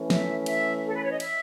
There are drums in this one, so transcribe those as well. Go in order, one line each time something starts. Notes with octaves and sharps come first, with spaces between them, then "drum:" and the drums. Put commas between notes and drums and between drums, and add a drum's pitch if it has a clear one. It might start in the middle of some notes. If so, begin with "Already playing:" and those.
Already playing: E3 A3 C#4
E5, drum: snare
E5, drum: cymbal
A4
B4
C#5
D#5
E5, drum: cymbal